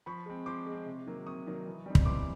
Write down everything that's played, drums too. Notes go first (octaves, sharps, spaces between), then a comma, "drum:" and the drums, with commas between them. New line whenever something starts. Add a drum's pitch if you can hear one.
F3 B5 C#6
G#3 C4
F3 C6 D6
G#3
C4
C3
D#3 F#3 A#3
C3 C#6 D#6
D#3 F#3 A#3
E3
G3 C4 D#4
drum: kick
E3 C6 D6